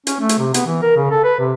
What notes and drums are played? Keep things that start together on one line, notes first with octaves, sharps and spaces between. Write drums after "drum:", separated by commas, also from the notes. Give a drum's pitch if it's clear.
C#4, drum: hi-hat
A3
drum: hi-hat
C3
B3, drum: hi-hat
E3
A#4
C#3
A4
B4
C3